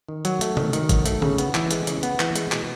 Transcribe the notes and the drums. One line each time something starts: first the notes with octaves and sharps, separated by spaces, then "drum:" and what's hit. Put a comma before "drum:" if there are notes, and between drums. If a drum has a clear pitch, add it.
D#3
F#3, drum: hi-hat
A3, drum: hi-hat
D#3, drum: tom C3
D#3, drum: hi-hat
F#3, drum: kick, hi-hat
A3, drum: hi-hat
C#3, drum: tom D3
B3, drum: hi-hat
E3, drum: clap
G#3, drum: hi-hat
C#3, drum: hi-hat
B3, drum: hi-hat
E3, drum: clap
G#3, drum: hi-hat
B2, drum: clap